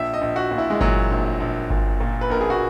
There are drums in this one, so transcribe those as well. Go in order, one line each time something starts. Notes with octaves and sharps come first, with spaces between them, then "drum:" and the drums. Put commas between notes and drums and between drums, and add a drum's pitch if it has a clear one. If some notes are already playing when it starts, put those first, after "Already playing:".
Already playing: A#1 E5
D#5
A#1
F#4
A#2
E4
G#3
A#2 F#3, drum: kick G1
A#1
A#1
A#2, drum: kick G1
A#2
B4
A#1 A#4
G#4
F#4